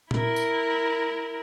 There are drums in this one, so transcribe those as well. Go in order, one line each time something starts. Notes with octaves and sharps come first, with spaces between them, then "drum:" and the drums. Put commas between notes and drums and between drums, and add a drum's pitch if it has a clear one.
E4 A#4, drum: tom A#2
drum: tambourine